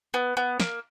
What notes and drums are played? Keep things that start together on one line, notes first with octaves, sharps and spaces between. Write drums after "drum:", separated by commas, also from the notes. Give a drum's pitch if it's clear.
B3
B3
A#3, drum: snare